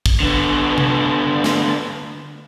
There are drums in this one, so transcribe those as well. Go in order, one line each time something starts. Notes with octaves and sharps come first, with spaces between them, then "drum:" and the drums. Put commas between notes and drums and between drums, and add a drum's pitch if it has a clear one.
drum: kick
D3 B3
drum: tom C3
drum: snare